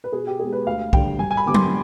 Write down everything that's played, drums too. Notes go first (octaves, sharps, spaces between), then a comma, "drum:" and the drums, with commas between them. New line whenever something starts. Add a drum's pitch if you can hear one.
B4
B2 G#4
G4
G#3 B3 G#4
B4
D2 F5
D3 G3 G5, drum: kick C2
G2 G#5
G#5
B5
D3 G3 B3 D6
C6, drum: tom F#3